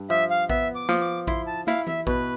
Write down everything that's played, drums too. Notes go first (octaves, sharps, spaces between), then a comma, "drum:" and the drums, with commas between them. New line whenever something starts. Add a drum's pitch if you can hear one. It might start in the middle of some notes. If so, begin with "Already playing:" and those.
Already playing: G2
F3 E5
F5
B3 E5, drum: kick A#1
D6
F3, drum: snare A#3
D6
E4 C6, drum: kick A#1
A5
E4 F5, drum: snare A#3
E5, drum: tom E3
B2 B4, drum: kick A#1